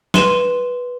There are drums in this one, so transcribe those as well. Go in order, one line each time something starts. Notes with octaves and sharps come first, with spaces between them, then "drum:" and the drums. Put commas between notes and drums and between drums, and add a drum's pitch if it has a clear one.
B4 C6 D#7 E7, drum: snare